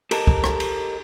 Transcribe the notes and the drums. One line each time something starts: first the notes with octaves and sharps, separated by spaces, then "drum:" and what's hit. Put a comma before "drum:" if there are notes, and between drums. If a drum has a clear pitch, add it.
G4 A4 A#4 D#5 A5, drum: cymbal
drum: kick
drum: rim click
drum: cymbal